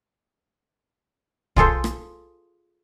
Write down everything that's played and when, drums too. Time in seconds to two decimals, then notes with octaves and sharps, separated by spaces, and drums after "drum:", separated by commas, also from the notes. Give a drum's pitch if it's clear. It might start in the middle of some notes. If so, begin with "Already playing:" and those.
1.56 F4 G#4 A4 C5, drum: kick
1.84 drum: rim click